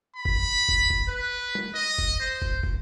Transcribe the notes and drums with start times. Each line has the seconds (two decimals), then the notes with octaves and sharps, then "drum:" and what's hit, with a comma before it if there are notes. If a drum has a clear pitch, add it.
0.16 B5
0.25 drum: kick
0.69 drum: kick
0.90 drum: kick
1.08 B4
1.55 drum: tom
1.75 D#5
1.98 drum: kick
2.20 C5
2.42 drum: kick
2.63 drum: kick